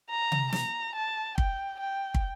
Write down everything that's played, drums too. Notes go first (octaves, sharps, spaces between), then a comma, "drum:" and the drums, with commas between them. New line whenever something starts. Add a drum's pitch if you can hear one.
A#5
drum: tom C3
A#5, drum: snare
A5
G5, drum: kick
G5
drum: kick